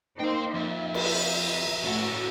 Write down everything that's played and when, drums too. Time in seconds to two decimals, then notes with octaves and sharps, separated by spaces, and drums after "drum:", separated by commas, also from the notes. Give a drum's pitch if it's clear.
0.19 A#3 D#4 C5 G5 C6
0.54 F2 E5
0.94 drum: cymbal
1.84 A2 C#4 F#4 A4